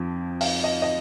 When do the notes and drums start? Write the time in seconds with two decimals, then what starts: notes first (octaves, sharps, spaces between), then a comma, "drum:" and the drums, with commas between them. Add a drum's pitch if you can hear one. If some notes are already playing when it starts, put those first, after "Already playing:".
Already playing: F2 F3
0.41 F5, drum: open hi-hat
0.64 D#5
0.82 D#5